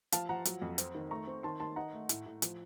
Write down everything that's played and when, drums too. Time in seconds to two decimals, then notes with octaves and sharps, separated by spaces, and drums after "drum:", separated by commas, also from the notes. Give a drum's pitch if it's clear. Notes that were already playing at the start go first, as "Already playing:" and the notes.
0.12 F3 F5 A5, drum: hi-hat
0.29 F3 F#5 A#5
0.45 F#3, drum: hi-hat
0.62 F2
0.78 C4, drum: hi-hat
0.95 D#3
1.11 A3 A#5 C#6
1.27 C4
1.43 D#3 A5 C6
1.60 D#3 A5 C6
1.76 D#4 F#5 A#5
1.93 A3
2.09 A2, drum: hi-hat
2.26 A2
2.42 F3, drum: hi-hat